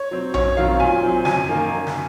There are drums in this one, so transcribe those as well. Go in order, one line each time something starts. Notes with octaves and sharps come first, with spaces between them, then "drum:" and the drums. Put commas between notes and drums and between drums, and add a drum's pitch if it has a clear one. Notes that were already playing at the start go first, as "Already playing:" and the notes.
Already playing: C#5
F#3 C4
F#2 C#5, drum: tom A#1
D#3 F#3 C4 F5
A#2 G#5
F#3 C4
F#2 G#5, drum: snare
D#3 A#3
F#2
drum: snare